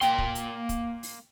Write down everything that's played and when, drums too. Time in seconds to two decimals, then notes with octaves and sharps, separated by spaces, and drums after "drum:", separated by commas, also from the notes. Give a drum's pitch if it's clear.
0.01 A#3 G5 C6, drum: hi-hat
0.18 drum: kick
0.35 drum: hi-hat
0.69 drum: kick, hi-hat
1.03 drum: open hi-hat